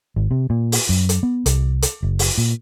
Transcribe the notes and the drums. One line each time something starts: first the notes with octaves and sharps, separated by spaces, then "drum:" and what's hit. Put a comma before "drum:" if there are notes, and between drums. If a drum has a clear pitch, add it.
G#1
C3
A#2
drum: open hi-hat
F#2
drum: hi-hat
B3
C2, drum: hi-hat
drum: hi-hat
F#1
drum: open hi-hat
A#2